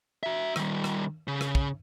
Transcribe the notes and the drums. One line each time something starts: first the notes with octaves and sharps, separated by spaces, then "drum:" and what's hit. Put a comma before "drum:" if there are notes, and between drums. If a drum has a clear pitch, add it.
F#4 E5
D#3 G3, drum: rim click
drum: rim click
C#3
drum: rim click
drum: kick